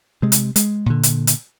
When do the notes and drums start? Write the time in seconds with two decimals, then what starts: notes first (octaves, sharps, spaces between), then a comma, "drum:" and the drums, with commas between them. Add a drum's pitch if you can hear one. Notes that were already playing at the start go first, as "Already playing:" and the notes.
0.22 C3 G#3
0.32 drum: hi-hat
0.56 G#3, drum: hi-hat
0.86 A#2 D3
1.03 drum: hi-hat
1.27 drum: hi-hat